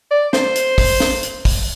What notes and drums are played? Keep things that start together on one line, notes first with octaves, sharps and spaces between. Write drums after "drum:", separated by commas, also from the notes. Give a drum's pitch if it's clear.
D5
C5, drum: snare
drum: hi-hat
drum: kick, open hi-hat
drum: snare
drum: hi-hat
drum: kick, open hi-hat